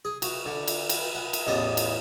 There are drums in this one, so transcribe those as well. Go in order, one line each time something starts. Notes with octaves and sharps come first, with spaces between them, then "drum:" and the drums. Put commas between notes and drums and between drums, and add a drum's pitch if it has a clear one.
G#4
F#4, drum: cymbal
D3
drum: cymbal
drum: cymbal
F#5
drum: cymbal
A1 E2 A2 D#5
drum: cymbal